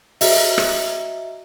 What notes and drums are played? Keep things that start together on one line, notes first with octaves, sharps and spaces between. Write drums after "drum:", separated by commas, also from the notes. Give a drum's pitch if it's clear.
F#4 D#5 E5 A#5, drum: open hi-hat
drum: rim click